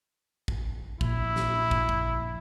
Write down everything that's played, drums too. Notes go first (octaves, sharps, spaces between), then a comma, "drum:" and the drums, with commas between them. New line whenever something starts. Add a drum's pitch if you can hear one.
drum: kick
A#1 E4, drum: kick
drum: snare
drum: kick
drum: kick